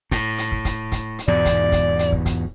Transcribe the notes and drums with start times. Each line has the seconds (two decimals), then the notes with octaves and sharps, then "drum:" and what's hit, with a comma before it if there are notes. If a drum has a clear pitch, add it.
0.11 A2, drum: kick, hi-hat
0.38 drum: hi-hat
0.52 drum: kick
0.65 drum: kick, hi-hat
0.92 drum: kick, hi-hat
1.19 drum: hi-hat
1.28 E2 G#2 B2 D5
1.45 drum: kick, hi-hat
1.72 drum: kick, hi-hat
1.99 drum: hi-hat
2.12 drum: kick
2.26 drum: kick, hi-hat